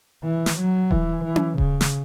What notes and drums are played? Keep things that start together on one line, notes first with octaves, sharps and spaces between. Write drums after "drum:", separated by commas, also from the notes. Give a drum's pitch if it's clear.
E3
drum: snare
F#3
E3, drum: kick D#1
E3
drum: tom C#4
C#3, drum: kick D#1
drum: snare